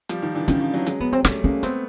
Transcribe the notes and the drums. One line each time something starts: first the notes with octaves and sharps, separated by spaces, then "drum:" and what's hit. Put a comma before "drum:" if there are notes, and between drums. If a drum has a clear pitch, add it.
F3 G3, drum: hi-hat
D#3 F3
D3 E3
D#3 F3 C#4, drum: hi-hat
D#3 F3
E3 F#3
F#3 G#3, drum: hi-hat
B3
C4
G3 A3 C#4, drum: snare
G#3 A#3 C#4
A3 B3 C4, drum: hi-hat